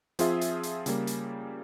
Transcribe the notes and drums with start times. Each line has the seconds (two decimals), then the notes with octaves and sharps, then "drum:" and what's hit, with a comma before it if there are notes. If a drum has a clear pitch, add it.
0.19 F3 C4 F4 G#4 E5, drum: hi-hat
0.41 drum: hi-hat
0.63 drum: hi-hat
0.86 C#3 G3 A#3, drum: hi-hat
1.07 drum: hi-hat